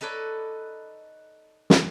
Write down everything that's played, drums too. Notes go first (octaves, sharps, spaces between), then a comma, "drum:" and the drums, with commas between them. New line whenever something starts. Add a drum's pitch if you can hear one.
D#4 A4 B4 C#5 D5
drum: snare